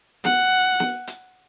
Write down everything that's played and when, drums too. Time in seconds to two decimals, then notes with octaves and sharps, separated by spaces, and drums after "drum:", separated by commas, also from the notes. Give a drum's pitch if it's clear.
0.25 F#5, drum: snare
0.80 drum: snare
1.07 drum: hi-hat